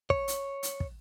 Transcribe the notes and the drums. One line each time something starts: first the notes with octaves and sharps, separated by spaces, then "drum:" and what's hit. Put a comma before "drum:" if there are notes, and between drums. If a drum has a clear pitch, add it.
C#5, drum: kick
drum: hi-hat
drum: hi-hat
drum: kick